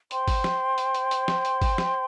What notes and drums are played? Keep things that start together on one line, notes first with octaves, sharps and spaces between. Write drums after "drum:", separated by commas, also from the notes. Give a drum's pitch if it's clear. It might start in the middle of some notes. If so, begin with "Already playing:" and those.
C5 G5 C6, drum: hi-hat
drum: kick, open hi-hat
drum: snare
drum: hi-hat
drum: hi-hat
drum: hi-hat
drum: snare
drum: hi-hat
drum: kick, open hi-hat
drum: snare